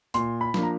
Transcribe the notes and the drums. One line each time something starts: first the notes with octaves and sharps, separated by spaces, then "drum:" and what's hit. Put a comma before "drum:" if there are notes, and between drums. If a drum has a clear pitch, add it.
A#2 C6, drum: hi-hat
B5
F3 A#3 D4, drum: snare
A#5